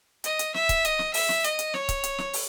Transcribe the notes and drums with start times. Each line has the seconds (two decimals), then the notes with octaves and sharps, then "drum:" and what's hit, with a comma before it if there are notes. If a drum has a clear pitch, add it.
0.24 D#5, drum: hi-hat
0.39 drum: hi-hat
0.54 E5, drum: snare
0.69 drum: kick C#1, hi-hat
0.85 D#5, drum: hi-hat
0.99 drum: snare
1.14 E5, drum: open hi-hat
1.29 drum: snare
1.44 D#5, drum: hi-hat
1.59 drum: hi-hat
1.74 C#5, drum: snare
1.89 drum: kick C#1, hi-hat
2.04 drum: hi-hat
2.18 drum: snare
2.33 drum: open hi-hat